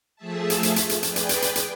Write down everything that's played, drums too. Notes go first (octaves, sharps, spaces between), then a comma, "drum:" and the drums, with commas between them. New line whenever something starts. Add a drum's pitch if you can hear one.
F3 A3 G#4 E5 A5
drum: hi-hat
drum: hi-hat
drum: hi-hat
drum: hi-hat
G#4 B4 D5 G5, drum: hi-hat
drum: hi-hat
drum: hi-hat
drum: hi-hat
drum: hi-hat